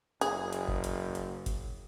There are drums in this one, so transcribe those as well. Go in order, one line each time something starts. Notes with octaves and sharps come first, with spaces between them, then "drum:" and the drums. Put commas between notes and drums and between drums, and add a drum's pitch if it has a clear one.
F#1 G#4, drum: hi-hat
drum: hi-hat
drum: kick G1
drum: hi-hat
drum: hi-hat
drum: kick G1, hi-hat